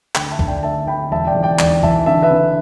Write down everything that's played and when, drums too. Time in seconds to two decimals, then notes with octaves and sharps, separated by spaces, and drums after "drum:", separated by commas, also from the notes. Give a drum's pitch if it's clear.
0.15 D2 G5 B5, drum: clap
0.32 E5 A5
0.39 D2, drum: kick C2
0.47 D5 G5
0.63 D2 E5 A5
0.87 D2 G5 B5
1.11 E1 E5 A5
1.27 D5 G5
1.35 E2
1.43 D5 G5
1.59 E1 D5 G5, drum: clap
1.83 E3 E5 A5, drum: kick C2
2.06 D3 E5 A5
2.22 B4 E5
2.31 D3